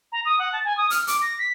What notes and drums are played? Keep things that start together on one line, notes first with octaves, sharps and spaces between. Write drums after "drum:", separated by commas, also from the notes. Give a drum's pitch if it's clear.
A#5
D#6
F#5
A5
G#5
D#6
F6, drum: hi-hat
D6, drum: hi-hat
A#6
B6